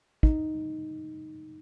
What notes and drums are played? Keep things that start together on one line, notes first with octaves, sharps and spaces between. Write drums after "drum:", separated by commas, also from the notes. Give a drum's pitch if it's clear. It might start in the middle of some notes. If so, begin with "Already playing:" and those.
D#4, drum: kick